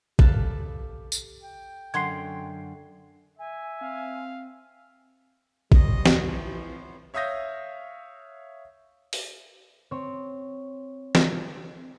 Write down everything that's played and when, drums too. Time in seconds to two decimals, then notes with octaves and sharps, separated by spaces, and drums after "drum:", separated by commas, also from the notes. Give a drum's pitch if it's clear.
0.19 G4 A4 B4 F5 A5, drum: kick
1.12 drum: tambourine
1.42 G5
1.94 F#2 D3 C#5 F#5 C6 G#6 C7
3.39 E5 G#5
3.81 C4 F5
5.72 G3 B3 C5 C#5 D#5, drum: kick
6.06 drum: snare
6.30 E3 F3
7.14 C#5 E5 F5 D#6 G6 A#6
9.13 drum: open hi-hat
9.91 C4 C#5
11.15 drum: snare